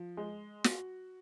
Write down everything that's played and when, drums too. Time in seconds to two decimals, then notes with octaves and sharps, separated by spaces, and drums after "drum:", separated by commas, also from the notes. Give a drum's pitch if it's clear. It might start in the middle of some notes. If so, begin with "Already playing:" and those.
Already playing: F3
0.17 G#3
0.64 F#4, drum: snare